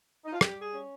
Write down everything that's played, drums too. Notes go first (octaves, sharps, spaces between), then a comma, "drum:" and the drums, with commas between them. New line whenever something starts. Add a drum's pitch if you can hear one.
D#4
F4
G3 G4, drum: rim click
G#4
C#4